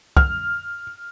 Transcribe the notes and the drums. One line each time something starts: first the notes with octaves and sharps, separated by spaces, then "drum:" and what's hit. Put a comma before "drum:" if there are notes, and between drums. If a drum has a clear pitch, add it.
F6, drum: kick